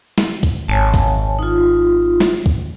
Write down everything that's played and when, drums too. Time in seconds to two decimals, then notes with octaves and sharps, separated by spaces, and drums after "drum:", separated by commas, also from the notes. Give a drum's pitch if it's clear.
0.18 drum: snare
0.43 drum: kick, hi-hat
0.68 G#1 C#5 G#5 A5
0.94 drum: kick, hi-hat
1.39 D#4 F4
2.20 drum: snare
2.46 drum: kick